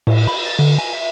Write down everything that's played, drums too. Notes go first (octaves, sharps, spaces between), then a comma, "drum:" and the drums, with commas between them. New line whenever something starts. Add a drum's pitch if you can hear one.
A2, drum: cymbal
B5
A6
D3
G#5
E5